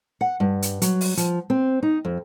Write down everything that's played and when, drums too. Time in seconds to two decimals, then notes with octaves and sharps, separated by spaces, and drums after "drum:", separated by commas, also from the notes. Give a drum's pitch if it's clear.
0.21 F#5
0.40 G2
0.62 drum: hi-hat
0.82 F#3, drum: hi-hat
1.01 drum: open hi-hat
1.17 F3, drum: hi-hat
1.50 C4
1.83 D#4
2.05 F2